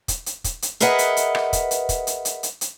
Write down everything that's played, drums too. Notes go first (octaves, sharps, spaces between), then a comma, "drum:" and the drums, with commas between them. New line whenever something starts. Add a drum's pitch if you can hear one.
drum: kick, hi-hat
drum: hi-hat
drum: kick, hi-hat
drum: hi-hat
G#4 A#4 B4 D#5 E5 F#5, drum: hi-hat
drum: hi-hat
drum: hi-hat
drum: rim click
drum: kick, hi-hat
drum: hi-hat
drum: kick, hi-hat
drum: hi-hat
drum: hi-hat
drum: hi-hat
drum: hi-hat